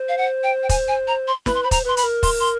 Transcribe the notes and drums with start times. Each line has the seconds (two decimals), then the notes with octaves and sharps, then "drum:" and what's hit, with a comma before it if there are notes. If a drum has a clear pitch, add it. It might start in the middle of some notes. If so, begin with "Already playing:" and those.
Already playing: C5
0.09 F5
0.18 F#5
0.43 G5
0.63 G5
0.69 G#5, drum: kick, hi-hat
0.88 G#5
1.08 A#5
1.28 C6
1.46 B4 B5, drum: snare
1.54 C6
1.63 C5 B5
1.71 A#5, drum: kick, hi-hat
1.85 B4 C6
1.97 B5, drum: hi-hat
2.03 A#4
2.23 C6, drum: kick, open hi-hat
2.40 C6